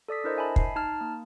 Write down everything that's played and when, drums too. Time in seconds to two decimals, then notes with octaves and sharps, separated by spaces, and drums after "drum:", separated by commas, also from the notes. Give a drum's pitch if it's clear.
0.08 A4 D5 D#6 B6
0.24 D4 E4 A#4 C5 D#5
0.36 D#5 E5 G#5 A5 B5
0.56 C7, drum: kick
0.76 D#4 A5 F6
1.01 A#3